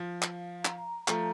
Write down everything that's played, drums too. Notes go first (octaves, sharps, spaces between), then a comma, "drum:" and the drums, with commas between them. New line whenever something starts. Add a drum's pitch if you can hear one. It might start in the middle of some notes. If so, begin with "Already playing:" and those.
Already playing: F3
F5, drum: clap
A#5, drum: clap
F3 A3 A#5, drum: clap